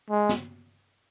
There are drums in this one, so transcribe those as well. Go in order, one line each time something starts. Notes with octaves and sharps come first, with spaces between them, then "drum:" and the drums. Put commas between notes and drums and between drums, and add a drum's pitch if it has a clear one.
G#3
drum: snare